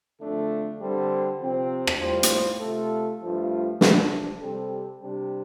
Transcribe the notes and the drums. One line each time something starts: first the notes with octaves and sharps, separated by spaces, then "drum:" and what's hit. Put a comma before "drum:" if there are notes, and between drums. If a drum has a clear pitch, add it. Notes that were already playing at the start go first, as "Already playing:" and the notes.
F2 D3 A3 D4 A4
D3 G3 C4 A4 C5
C3 F3 C4
drum: rim click
A2 G3 F4 C5
drum: hi-hat
C3 A3 F4 A4
G2 F3 A3 F4
C3 F3 D4, drum: snare
C3 G3 C4 A4
C3 G3 D4 G4